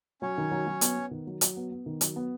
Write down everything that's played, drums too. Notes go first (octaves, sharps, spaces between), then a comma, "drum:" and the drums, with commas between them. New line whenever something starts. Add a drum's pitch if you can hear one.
F#3 C#4 C#5
D#3
F#3
F#3
B3, drum: hi-hat
B3
D#3
F#3
F#3, drum: hi-hat
B3
B3
D#3
F#3, drum: hi-hat
B3